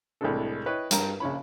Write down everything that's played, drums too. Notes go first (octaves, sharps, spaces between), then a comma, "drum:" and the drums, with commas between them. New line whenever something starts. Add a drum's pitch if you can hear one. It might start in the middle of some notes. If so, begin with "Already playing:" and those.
C2 A2 E3 G#3 D4 A4
E4 B4 C#5 D#5 G5
G2 G3 A#4 A#5, drum: hi-hat
A#1 C#3 C#5 B5